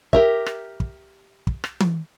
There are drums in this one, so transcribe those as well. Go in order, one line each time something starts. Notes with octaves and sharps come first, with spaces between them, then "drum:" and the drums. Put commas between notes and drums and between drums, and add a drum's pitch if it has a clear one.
G4 A#4 E5, drum: kick
drum: rim click
drum: kick
drum: kick
drum: rim click
drum: tom E3